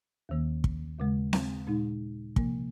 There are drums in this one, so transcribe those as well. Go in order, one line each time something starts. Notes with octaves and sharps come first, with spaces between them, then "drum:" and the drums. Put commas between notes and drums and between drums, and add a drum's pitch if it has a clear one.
D#2 D#3 A#3
drum: kick
D#2 C#3 G#3
drum: snare C4
A#2 G#3 D#4
C3 F3 A#3, drum: kick